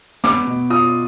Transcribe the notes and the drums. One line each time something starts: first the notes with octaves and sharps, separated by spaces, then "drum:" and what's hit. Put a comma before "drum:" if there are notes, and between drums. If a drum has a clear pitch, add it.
B3 D6, drum: snare
B2
F4 D#6